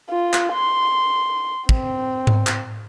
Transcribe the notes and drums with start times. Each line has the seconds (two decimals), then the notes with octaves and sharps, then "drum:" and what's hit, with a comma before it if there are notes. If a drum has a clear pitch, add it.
0.10 F4
0.33 drum: clap
0.53 C6
1.69 C4, drum: kick
2.27 drum: tom G#2
2.47 drum: clap